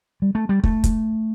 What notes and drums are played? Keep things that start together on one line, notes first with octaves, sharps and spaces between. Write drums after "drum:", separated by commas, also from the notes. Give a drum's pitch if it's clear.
G3
A3
G3
A3, drum: kick
drum: kick, hi-hat